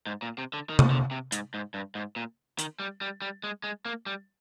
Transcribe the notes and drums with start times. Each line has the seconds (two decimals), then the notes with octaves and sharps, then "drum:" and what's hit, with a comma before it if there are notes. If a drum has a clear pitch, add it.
0.07 G#2
0.22 A#2
0.38 C3
0.53 D3
0.69 D#3
0.79 drum: tom C3
0.90 D3
1.11 C3
1.32 G#2, drum: hi-hat
1.54 G#2
1.74 G2
1.95 G#2
2.16 A#2
2.59 D#3, drum: hi-hat
2.80 G3
3.01 G3
3.22 G3
3.44 G#3
3.64 G#3
3.85 A#3
4.06 G3